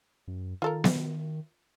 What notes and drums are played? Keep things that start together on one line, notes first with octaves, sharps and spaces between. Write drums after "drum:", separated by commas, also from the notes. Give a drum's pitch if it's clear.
F#2
D#3 F4 A4 A#4
drum: snare B3